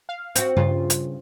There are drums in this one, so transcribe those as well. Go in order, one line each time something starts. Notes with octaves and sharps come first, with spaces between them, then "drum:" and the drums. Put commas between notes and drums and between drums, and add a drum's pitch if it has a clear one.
F5
C4 F#4, drum: hi-hat
G2 C#3 F4
drum: hi-hat